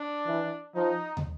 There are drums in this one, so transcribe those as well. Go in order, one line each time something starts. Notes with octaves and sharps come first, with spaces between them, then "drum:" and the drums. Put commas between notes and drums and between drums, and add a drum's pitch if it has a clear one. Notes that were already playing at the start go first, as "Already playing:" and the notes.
Already playing: D4
E3
F3 D#4
drum: tom